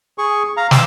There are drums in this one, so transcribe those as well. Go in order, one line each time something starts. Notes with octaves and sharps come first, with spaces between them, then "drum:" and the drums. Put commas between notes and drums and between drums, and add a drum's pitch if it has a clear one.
G#4 C#6
F5 A#5
C6 D6 E6, drum: snare